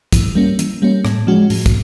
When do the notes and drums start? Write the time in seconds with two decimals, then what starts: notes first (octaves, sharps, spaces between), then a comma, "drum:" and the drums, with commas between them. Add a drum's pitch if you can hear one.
0.12 E3, drum: kick, hi-hat
0.35 G3 A#3 C#4
0.59 E3, drum: hi-hat
0.82 G3 A#3 C#4
1.05 A2, drum: rim click
1.27 F3 G#3 C#4 F#4
1.50 A2, drum: open hi-hat
1.66 drum: kick, hi-hat